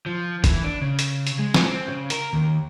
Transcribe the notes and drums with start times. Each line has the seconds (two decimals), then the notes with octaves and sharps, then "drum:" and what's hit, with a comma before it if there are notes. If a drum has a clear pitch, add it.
0.06 F3
0.44 E3, drum: kick, hi-hat
0.64 D4
0.82 C#3
0.99 drum: hi-hat
1.27 drum: hi-hat
1.39 G#3
1.54 drum: snare
1.65 C4
1.87 C#3
2.10 A#4, drum: hi-hat
2.33 D#2